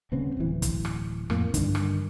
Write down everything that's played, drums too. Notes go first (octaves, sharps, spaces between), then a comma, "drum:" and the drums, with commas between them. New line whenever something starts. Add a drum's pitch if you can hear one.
D#1 C#3 B3 C4
D1 E3
drum: kick, hi-hat
drum: rim click
F2 A2 A#3, drum: rim click
G2 D3 D#3, drum: kick, hi-hat
drum: rim click